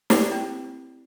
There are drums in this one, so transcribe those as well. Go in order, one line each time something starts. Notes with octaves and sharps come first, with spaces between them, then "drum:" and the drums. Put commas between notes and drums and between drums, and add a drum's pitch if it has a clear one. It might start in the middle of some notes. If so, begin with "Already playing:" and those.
E4 G4 D5, drum: snare
C4